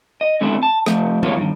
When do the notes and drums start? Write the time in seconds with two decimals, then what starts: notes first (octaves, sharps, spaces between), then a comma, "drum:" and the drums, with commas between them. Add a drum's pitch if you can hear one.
0.21 D#5
0.41 D3 G#3 A3 C4 E4
0.63 A5
0.86 F3 A3 C4, drum: rim click
1.23 F3 G#3 A#3 B3 E4 C#5, drum: tom F3
1.38 G2 D#3